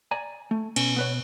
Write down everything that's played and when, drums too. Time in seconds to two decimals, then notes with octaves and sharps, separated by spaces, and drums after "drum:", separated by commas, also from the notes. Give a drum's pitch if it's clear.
0.11 D5 G#5 A#5
0.51 A3
0.76 B2 C#4, drum: cymbal
0.96 B3 B4 C#5